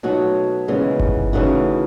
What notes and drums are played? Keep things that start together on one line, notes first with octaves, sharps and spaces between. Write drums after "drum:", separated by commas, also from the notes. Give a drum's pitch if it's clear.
B2 F#3 A3 D#4 F#4
D#2 C#3 E3 G#3 B3
drum: kick G1
C#3 E3 A3 D#4 F#4